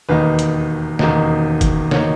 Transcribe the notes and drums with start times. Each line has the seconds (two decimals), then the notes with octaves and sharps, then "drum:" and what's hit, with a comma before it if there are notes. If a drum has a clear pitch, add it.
0.09 E1 D#2 D#3 A#3 D#4 B4
0.39 drum: hi-hat
0.99 E1 D#2 D#3 A#3 D#4, drum: snare
1.61 drum: kick F1, hi-hat
1.91 D#3 A#3 D#4 C#5, drum: snare